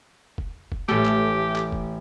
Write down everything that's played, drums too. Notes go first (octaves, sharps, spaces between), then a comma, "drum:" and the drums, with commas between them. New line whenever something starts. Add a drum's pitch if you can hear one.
drum: kick
drum: kick
A1 A3 G4 A4
drum: clap
drum: clap
drum: kick